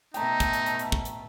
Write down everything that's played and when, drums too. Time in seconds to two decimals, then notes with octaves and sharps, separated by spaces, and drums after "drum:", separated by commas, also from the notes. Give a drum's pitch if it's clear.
0.14 B2 A3 D#4 G5 A#5, drum: hi-hat
0.40 drum: kick, hi-hat
0.53 drum: hi-hat
0.66 drum: hi-hat
0.79 drum: hi-hat
0.92 drum: kick
1.05 drum: hi-hat